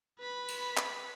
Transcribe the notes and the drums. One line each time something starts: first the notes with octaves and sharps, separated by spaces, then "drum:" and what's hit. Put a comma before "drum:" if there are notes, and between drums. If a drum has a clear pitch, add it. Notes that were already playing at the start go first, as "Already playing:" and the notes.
B4 B5
drum: cymbal
drum: clap